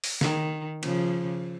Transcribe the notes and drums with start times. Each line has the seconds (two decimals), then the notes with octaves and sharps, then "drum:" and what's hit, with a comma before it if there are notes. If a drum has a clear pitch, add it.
0.04 drum: open hi-hat
0.21 D#3, drum: snare
0.83 C#3 F3, drum: cymbal